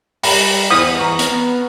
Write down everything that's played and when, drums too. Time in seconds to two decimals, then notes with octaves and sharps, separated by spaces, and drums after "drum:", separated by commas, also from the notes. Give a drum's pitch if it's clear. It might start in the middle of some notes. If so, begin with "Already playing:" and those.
0.23 G3 A#5 B5, drum: open hi-hat
0.71 E2 E4 C5 F#5 D#6 F6
0.99 E3 A#5 C#6
1.19 drum: hi-hat
1.31 B3